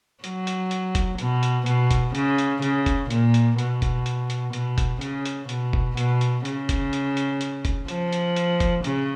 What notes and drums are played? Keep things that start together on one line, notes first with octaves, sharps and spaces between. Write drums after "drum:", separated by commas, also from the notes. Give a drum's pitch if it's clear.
F#3, drum: hi-hat
drum: hi-hat
drum: hi-hat
drum: kick F1, hi-hat
B2, drum: hi-hat
drum: hi-hat
B2, drum: hi-hat
drum: kick F1, hi-hat
C#3, drum: hi-hat
drum: hi-hat
C#3, drum: hi-hat
drum: kick F1, hi-hat
A#2, drum: hi-hat
drum: hi-hat
B2, drum: hi-hat
drum: kick F1, hi-hat
drum: hi-hat
drum: hi-hat
B2, drum: hi-hat
drum: kick F1, hi-hat
C#3, drum: hi-hat
drum: hi-hat
B2, drum: hi-hat
drum: kick F1
B2, drum: hi-hat
drum: hi-hat
C#3, drum: hi-hat
drum: kick F1, hi-hat
drum: hi-hat
drum: hi-hat
drum: hi-hat
drum: kick F1, hi-hat
F3, drum: hi-hat
drum: hi-hat
drum: hi-hat
drum: kick F1, hi-hat
C#3, drum: hi-hat